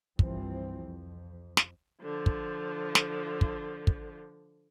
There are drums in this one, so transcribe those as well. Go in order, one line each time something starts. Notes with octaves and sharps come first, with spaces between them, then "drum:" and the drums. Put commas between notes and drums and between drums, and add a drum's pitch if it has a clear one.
C2 G2 E3 F3 G3 C4, drum: kick
F2
drum: snare
D3 F3
drum: kick
drum: snare
drum: kick
drum: kick